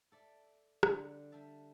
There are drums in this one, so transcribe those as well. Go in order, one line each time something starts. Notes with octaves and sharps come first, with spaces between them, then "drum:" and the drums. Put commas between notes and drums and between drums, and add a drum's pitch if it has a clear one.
A4 D5 E5
D3 G3, drum: rim click
G3 D4 E5 A5